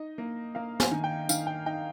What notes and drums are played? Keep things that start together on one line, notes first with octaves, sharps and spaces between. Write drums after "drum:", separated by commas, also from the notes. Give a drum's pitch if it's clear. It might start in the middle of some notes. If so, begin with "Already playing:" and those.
Already playing: D#4 D#5
A#3
A#3 F5
G#5, drum: snare
D#3
G5
D#3 F5, drum: tambourine
G5
D#4 G5